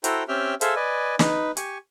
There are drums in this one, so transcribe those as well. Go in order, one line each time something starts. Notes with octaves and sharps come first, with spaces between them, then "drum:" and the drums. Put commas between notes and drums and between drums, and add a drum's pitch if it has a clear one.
E4 F#4 A4 C5 G5 A#5, drum: hi-hat
C4 C#4 G4 E5 G5 F6
G#4 A4 C5 E5 F5, drum: hi-hat
B4 D5 D#5 G#5
D#4 B4, drum: snare
G4 G#5 C#6, drum: hi-hat